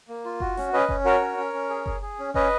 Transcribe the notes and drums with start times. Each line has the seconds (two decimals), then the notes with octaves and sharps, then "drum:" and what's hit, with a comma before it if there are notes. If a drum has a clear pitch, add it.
0.08 A#3
0.25 F4
0.40 F#4, drum: kick F#1
0.57 C#4, drum: snare
0.73 C#4 B4 D#5
0.89 C#4, drum: kick F#1
1.05 F#4 A#4 C#5
1.21 C#4
1.37 C#4
1.53 C#4
1.70 G#4
1.86 G#4, drum: kick F#1
2.02 G#4
2.19 C#4
2.34 C#4 B4 D#5, drum: kick F#1